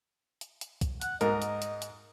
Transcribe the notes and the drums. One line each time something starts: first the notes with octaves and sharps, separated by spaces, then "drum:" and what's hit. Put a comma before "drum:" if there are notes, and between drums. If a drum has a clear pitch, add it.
drum: hi-hat
drum: hi-hat
drum: kick, hi-hat
F#5, drum: hi-hat
G#2 A#4 D#5, drum: hi-hat
drum: hi-hat
drum: hi-hat
drum: hi-hat